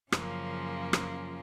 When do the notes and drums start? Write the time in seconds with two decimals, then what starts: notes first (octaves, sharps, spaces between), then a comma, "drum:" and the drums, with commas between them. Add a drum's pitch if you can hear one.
0.12 F#2 C#3 F3 A#3 F4, drum: rim click
0.93 drum: rim click